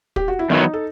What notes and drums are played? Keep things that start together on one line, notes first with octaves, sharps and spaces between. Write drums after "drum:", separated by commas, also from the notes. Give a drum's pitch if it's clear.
G4, drum: kick
F#4
E4
E2 D#3 F#3 B3 D#4
A4